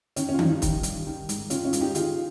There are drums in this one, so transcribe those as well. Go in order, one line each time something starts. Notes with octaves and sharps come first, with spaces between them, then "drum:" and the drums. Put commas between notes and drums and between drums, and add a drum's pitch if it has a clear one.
D#3 C#4, drum: hi-hat
C#4
F4
G2 D#4, drum: tom D#3
D#4
D#3, drum: kick, hi-hat
G2, drum: hi-hat
D#3
G#2, drum: hi-hat
D#3 C#4 F4, drum: hi-hat
C#4 F4
G#2, drum: hi-hat
D#4 G4
D#3 F4 G#4, drum: hi-hat